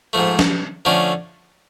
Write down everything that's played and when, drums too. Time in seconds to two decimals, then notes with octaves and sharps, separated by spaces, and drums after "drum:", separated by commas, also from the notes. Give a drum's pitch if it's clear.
0.13 G#2 F3 A3
0.39 drum: snare
0.85 D3 F3 A3 C#4